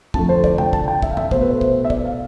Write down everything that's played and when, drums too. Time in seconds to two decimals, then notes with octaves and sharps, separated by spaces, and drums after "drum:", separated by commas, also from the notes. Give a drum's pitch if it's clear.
0.14 F2 D3 F3 A3 A5, drum: kick
0.29 C5
0.44 D5, drum: kick
0.58 G5, drum: tom
0.73 A5, drum: kick
0.88 G5
1.02 E5, drum: kick
1.11 F5
1.17 E5, drum: tom G2
1.31 B2 A3 C5, drum: kick
1.42 B4
1.51 C5
1.61 drum: kick
1.85 E5
1.90 D5, drum: kick
2.05 F5